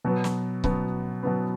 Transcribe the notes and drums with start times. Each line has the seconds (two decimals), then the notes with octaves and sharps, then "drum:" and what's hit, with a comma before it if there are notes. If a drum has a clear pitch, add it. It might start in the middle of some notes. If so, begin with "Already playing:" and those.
0.04 B2 F#3 B3
0.24 drum: snare
0.64 B2 F#3 B3, drum: kick C#1
1.23 B2 F#3 B3